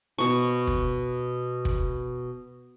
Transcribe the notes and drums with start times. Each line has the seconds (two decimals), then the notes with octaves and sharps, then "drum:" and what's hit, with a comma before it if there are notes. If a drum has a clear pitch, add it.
0.18 B2 C#6
0.67 drum: kick
1.65 drum: kick